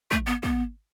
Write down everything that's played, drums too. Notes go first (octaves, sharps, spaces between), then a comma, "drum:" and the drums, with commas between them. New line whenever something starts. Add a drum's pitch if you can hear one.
A3, drum: kick
B3
B3, drum: kick